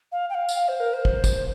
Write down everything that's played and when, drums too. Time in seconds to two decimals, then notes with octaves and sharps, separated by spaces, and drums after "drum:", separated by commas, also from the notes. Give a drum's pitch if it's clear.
0.12 F5
0.29 G5
0.34 F5
0.49 drum: tambourine
0.68 C5
0.80 A#4
0.93 C5
1.05 drum: kick
1.24 drum: kick, tambourine